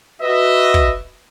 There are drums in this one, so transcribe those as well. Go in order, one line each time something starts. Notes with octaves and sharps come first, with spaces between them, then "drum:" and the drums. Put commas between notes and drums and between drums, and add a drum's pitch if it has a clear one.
F#4 B4 D#5 E5
drum: kick